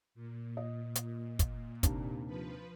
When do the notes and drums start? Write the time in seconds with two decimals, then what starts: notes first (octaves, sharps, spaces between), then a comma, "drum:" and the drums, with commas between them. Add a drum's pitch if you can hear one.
0.15 A#2
0.57 D#5
0.95 drum: hi-hat
1.39 drum: kick, hi-hat
1.83 D#2 C3 D4, drum: kick, hi-hat
2.27 F3 B4